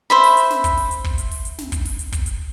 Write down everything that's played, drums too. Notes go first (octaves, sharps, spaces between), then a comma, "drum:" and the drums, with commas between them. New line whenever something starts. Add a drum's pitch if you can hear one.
C5 E5 B5
drum: open hi-hat
drum: hi-hat
drum: snare
drum: kick, hi-hat
drum: open hi-hat
drum: hi-hat
drum: kick
drum: hi-hat
drum: open hi-hat
drum: hi-hat
drum: snare
drum: kick, hi-hat
drum: open hi-hat
drum: hi-hat
drum: kick, hi-hat
drum: hi-hat